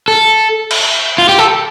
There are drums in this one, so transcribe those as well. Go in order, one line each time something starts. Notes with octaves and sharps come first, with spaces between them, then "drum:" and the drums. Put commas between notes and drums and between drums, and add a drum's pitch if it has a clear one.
A4
drum: cymbal
F4
G4
A4